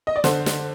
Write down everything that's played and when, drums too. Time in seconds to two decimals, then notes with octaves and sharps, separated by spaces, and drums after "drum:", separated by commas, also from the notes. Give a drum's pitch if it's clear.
0.07 D#5
0.16 D5
0.24 D3 C5, drum: snare
0.46 drum: snare